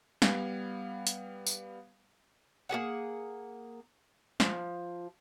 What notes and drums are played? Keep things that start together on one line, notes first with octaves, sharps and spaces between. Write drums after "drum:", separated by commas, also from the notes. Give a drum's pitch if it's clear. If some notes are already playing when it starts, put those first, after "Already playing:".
G3 B3 F5 G#6, drum: snare
drum: hi-hat
drum: tambourine
A#3 G4 G#4 F#5
F3, drum: snare